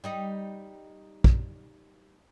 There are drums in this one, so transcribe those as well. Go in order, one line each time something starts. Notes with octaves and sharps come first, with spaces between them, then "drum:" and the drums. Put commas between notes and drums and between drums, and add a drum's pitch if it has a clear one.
G3 D#4 D#5
drum: kick